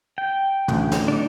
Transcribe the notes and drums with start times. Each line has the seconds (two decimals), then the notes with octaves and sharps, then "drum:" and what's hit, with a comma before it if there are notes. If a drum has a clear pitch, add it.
0.18 G5
0.68 A1 D2, drum: tom
0.92 drum: snare
1.08 D4 D#4